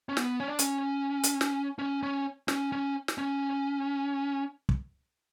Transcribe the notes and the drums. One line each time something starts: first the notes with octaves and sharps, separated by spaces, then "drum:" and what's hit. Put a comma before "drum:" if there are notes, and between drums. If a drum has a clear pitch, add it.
C#4
B3, drum: snare
C#4
D4
C#4, drum: hi-hat
drum: hi-hat
drum: snare
C#4
C#4
C#4, drum: snare
C#4
drum: snare
C#4
drum: kick